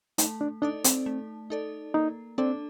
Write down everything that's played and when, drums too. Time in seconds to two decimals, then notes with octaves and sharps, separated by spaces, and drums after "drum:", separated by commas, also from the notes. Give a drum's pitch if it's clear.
0.18 A3 D#4, drum: hi-hat
0.41 D4
0.62 D4 D#4 A4 D5
0.84 C4, drum: hi-hat
1.06 A3
1.50 D#4 A4 D5
1.94 A#3 D#4
2.38 C4 D4 A4 D5